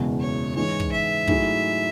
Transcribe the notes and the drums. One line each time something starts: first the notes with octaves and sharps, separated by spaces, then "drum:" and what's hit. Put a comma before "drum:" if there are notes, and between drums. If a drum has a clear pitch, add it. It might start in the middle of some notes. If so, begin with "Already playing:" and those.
Already playing: F#1 E2 B2 G#3
C#5
G#2 E3 G#3 C#5
drum: kick
E5
G#2 F#3 A3 E4 G#4, drum: kick